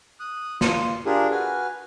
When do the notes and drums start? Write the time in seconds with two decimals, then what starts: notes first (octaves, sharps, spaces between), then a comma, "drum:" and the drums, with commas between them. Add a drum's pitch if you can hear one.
0.20 D#6 F#6
0.61 F4 C6, drum: snare
1.06 D4 F4 G4 G#4 A#4
1.31 F#4 B4 G#5 F6